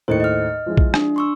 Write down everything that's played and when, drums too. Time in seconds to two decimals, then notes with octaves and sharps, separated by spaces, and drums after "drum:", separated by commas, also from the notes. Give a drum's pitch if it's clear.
0.08 D#2 A2 C5 D#5 C#7
0.20 D#5 F6
0.66 F3 G#3 E4
0.77 drum: kick A#1
0.94 D4, drum: rim click
1.16 C6 C#6 E6